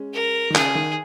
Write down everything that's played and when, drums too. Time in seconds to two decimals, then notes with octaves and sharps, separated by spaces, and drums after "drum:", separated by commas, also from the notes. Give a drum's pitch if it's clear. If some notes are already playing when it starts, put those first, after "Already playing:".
Already playing: G#3 C#4
0.13 A#4
0.50 D#3
0.55 C#3 G#4, drum: clap
0.75 D#3